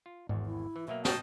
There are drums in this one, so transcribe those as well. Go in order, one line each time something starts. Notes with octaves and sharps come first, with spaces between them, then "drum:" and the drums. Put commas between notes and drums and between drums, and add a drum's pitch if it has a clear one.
F4
G#1 E2 G#2
E4
E3
B2 F#3 A#3 E5
A#3 F#4 D#5 G5 A5, drum: snare